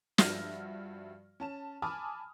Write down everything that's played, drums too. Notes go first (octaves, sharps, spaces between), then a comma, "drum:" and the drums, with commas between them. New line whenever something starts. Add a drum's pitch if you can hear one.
G2 F3 F#4 E5 F6 A#6, drum: snare
C#4 A5 E7
G#5 A5 B5 D6 D#6 F6